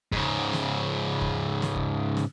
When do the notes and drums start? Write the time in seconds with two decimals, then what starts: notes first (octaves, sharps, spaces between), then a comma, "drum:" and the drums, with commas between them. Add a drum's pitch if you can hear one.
0.12 G#2 C#3, drum: kick D#2
0.53 drum: snare
1.21 drum: kick D#2
1.62 drum: snare
1.76 drum: kick D#2
2.17 drum: snare